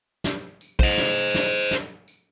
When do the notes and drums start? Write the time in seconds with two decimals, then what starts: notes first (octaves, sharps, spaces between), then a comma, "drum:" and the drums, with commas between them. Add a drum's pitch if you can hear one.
0.24 drum: snare
0.61 drum: tambourine
0.79 C5 D#5, drum: kick
0.98 drum: snare
1.34 drum: snare
1.71 drum: snare
2.08 drum: tambourine